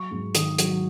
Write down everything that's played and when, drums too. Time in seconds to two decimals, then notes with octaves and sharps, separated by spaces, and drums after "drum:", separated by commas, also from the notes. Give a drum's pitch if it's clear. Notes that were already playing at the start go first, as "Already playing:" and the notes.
Already playing: F#3 C#6
0.11 G#2
0.35 D#3 D#6, drum: hi-hat
0.58 F#3, drum: hi-hat